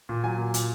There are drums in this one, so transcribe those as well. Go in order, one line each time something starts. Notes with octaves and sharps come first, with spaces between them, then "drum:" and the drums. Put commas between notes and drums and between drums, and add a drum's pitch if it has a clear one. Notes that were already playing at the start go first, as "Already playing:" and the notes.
A#2
F#3 G#5
A#2
A#2, drum: hi-hat